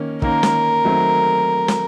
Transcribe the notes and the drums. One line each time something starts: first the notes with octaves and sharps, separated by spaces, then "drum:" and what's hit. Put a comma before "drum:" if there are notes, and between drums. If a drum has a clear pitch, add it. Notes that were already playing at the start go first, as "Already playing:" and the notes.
Already playing: D#3 A#3 C#4
D#3 A#3 C#4 A#4, drum: kick
drum: snare
D#3 F#3 A3 C4
drum: snare